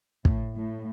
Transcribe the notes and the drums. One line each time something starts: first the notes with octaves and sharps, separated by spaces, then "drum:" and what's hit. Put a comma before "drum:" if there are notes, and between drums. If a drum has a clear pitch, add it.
A2, drum: kick
A2